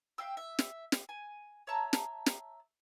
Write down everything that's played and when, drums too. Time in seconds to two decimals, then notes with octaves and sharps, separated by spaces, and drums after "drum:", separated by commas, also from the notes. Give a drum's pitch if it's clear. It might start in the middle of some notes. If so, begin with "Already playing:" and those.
0.18 E5 F5 G5 E6
0.37 E5
0.59 drum: snare
0.92 drum: snare
1.09 G#5
1.67 C#5 E5 A5 A#5
1.93 drum: snare
2.26 drum: snare